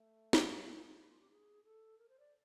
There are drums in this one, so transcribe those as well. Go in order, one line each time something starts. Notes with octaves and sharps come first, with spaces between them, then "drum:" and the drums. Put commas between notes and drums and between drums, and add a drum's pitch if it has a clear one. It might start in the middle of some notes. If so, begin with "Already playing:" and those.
Already playing: A3
drum: snare
A#3
B3
C4
E4
F4
G4
G#4
A4
A#4
C5
D5